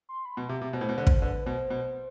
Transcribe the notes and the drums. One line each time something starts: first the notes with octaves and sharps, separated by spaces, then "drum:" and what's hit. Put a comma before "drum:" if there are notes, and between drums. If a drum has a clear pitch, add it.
C6
B5
B2
C3 E5
C3
B2 C5
A2
B2
D3 C5
drum: kick
D3 B4
B2 C5
B2